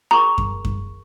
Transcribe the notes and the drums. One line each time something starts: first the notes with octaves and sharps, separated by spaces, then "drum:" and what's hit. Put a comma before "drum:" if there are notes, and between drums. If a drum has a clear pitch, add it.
G#4 A#4 A#5 C#6
drum: kick F#2
drum: kick F#2